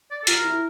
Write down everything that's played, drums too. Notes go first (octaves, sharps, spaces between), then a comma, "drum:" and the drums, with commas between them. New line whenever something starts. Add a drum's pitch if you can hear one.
D5
A4
F4 A#4, drum: hi-hat
E4